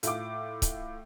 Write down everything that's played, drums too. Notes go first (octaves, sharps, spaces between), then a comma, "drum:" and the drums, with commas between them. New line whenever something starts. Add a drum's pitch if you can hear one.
A2 F4 D6, drum: hi-hat
drum: kick C#1, hi-hat